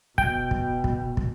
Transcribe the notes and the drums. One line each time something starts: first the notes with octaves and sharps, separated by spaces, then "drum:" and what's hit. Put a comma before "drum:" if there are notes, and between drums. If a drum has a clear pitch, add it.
B2 G5, drum: kick
drum: kick
drum: kick
drum: kick